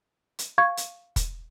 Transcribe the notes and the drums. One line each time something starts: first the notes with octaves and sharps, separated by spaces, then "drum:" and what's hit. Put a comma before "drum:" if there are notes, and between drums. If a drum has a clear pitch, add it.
drum: hi-hat
F5 C#6 G#6
drum: hi-hat
drum: kick, hi-hat